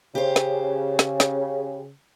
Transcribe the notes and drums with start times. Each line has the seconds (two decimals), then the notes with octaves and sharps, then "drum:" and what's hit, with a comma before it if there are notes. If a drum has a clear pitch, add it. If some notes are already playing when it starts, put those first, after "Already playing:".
0.15 C#3 G4 C5
0.36 drum: snare
0.99 drum: snare
1.20 drum: snare